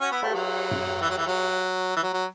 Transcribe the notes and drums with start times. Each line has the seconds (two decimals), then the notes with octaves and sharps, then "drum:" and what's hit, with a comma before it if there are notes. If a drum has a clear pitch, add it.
0.01 C#4 F#4
0.12 B3 E4
0.23 A3, drum: cymbal
0.35 F#3
0.71 drum: tom F#2
1.02 E3
1.10 F#3
1.18 E3
1.27 F#3
1.97 E3
2.03 F#3
2.13 F#3